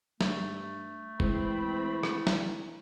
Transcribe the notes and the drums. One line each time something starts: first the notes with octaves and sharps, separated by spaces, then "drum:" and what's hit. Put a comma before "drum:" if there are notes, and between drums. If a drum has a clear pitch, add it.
G2 A3, drum: snare
E3 G#3 C4 B5, drum: kick F#1
drum: rim click
drum: snare